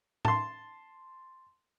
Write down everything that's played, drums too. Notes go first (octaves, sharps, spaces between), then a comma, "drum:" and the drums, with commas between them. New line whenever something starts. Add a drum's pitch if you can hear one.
A5 C6, drum: tom